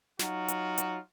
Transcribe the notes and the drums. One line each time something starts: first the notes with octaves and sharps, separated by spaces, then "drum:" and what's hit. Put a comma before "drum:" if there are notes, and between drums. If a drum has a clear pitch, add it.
F#3 D#4 F4 F#4, drum: snare
drum: hi-hat
drum: hi-hat